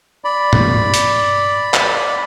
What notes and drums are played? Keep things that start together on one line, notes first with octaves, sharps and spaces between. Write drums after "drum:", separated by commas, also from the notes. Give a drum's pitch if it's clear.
D5 B5
drum: tom G2
drum: hi-hat
drum: clap